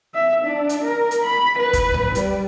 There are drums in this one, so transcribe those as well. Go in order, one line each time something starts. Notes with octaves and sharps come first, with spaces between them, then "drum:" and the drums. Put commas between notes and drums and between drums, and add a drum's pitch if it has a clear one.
E5
D4
drum: hi-hat
A#4
drum: hi-hat
B5
B4
drum: kick, hi-hat
drum: tom
G3, drum: hi-hat